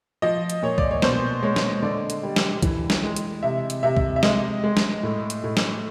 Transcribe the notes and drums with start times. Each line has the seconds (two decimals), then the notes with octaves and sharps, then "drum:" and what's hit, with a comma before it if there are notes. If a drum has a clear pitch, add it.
0.22 F3 D#5
0.50 drum: hi-hat
0.62 A#2 C#5
0.78 D5, drum: kick C2
0.91 C#5
1.02 B2 C5, drum: snare
1.43 G#3 C#5
1.56 drum: snare
1.82 D3 D5
2.10 drum: hi-hat
2.23 G3
2.36 drum: snare
2.63 E3, drum: kick C2, hi-hat
2.90 drum: snare
3.04 G#3
3.16 drum: hi-hat
3.43 C3 E5
3.70 drum: hi-hat
3.83 C3 E5
3.97 drum: kick C2
4.16 E5
4.23 G#3 D#5, drum: snare
4.64 G#3
4.77 drum: snare
5.03 A2
5.30 drum: hi-hat
5.44 A2
5.57 drum: snare